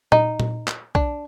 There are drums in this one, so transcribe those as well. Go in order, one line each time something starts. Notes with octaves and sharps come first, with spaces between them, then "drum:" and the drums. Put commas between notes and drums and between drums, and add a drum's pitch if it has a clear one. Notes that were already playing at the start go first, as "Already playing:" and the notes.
D#4, drum: tom A#2
drum: tom A#2
drum: clap
D4, drum: kick B1